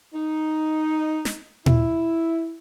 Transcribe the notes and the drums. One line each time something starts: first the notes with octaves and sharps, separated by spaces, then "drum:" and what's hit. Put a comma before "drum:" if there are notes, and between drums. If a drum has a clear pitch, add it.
D#4
drum: snare
E4, drum: tom A#2